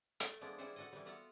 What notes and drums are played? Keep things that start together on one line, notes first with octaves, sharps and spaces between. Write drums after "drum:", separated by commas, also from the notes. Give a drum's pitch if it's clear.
A3, drum: hi-hat
E3 F3 G#3 B3 D4
G3 E4 G#4 C5 E5 F#5
F#4 A4 D#5
E3 G3
B3 F4 F#4 E5 F#5